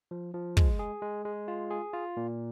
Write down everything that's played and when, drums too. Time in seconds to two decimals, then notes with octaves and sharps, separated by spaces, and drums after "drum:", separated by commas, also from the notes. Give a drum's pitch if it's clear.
0.11 F3
0.34 F3
0.57 G#3, drum: kick
0.79 G#4
1.02 G#3
1.25 G#3
1.48 F4
1.71 G#4
1.93 F4
2.17 A#2